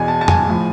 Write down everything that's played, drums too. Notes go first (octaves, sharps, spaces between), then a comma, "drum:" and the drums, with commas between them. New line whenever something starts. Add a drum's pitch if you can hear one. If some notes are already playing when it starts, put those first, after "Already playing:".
Already playing: E2 B2 G#5
A5
A5
G#5, drum: tom F2
A2 F3